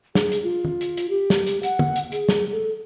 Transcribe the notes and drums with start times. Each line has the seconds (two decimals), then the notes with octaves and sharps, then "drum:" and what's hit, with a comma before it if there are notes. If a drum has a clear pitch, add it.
0.15 G#4, drum: snare
0.32 drum: hi-hat
0.44 F4
0.65 drum: tom D#3
0.81 drum: hi-hat
0.97 drum: hi-hat
1.10 G4
1.30 drum: snare
1.47 drum: hi-hat
1.63 F#5, drum: hi-hat
1.79 drum: tom
1.96 drum: hi-hat
2.12 G#4, drum: hi-hat
2.29 drum: snare
2.52 A4